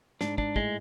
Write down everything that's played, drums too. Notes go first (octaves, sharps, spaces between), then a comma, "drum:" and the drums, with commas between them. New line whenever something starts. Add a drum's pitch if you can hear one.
G#2 D4, drum: snare
D4, drum: kick
A2 G#3, drum: kick